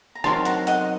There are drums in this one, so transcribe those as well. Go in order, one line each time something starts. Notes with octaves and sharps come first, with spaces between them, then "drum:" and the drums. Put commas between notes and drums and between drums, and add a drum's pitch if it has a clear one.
A#5
F#3 C4 D#4 F#4 A#4 A5 C6, drum: rim click
F#5 A#5, drum: hi-hat
D#5 F#5, drum: hi-hat